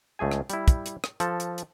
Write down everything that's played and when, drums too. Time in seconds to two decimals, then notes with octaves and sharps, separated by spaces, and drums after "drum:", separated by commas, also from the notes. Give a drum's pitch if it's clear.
0.19 C#2 A3 G#4 G#5
0.31 drum: rim click
0.50 G3 E4, drum: hi-hat
0.68 drum: kick, hi-hat
0.86 drum: hi-hat
1.04 drum: rim click
1.20 F3 A4, drum: hi-hat
1.40 drum: hi-hat
1.58 drum: hi-hat